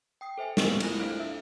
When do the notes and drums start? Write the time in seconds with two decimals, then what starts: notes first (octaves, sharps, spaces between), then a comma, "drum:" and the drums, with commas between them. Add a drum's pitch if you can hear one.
0.21 G5 D#6 C7
0.38 A4 C5 E5 G#5
0.57 B3 C4 G4 A#4, drum: snare
0.80 A3 E4 F4 C5 G#5, drum: cymbal
0.99 D4 A4 F5 F6 F#6 D7
1.19 E5 E6